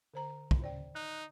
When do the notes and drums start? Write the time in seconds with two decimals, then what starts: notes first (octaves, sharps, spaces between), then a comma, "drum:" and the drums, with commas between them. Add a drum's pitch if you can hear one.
0.14 D3 C5 A#5
0.51 drum: kick
0.62 D2 C#3 C5 D5 G5
0.95 D#4 F#6